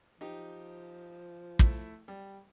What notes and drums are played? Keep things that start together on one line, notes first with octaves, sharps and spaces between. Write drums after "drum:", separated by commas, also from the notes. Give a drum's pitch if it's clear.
F3 D#4 G4
A3 E4, drum: kick
G3